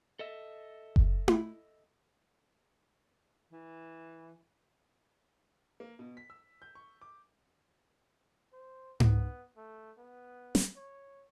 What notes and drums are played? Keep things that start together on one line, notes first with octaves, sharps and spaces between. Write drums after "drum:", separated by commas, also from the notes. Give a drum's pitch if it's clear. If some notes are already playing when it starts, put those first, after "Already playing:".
A4 D#5 E5
drum: kick F#1
drum: tom E4
E3
A#3
B2
B6
E6
G6
C#6
D6
C5
B3, drum: tom G#2
A3
B3
drum: snare
C#5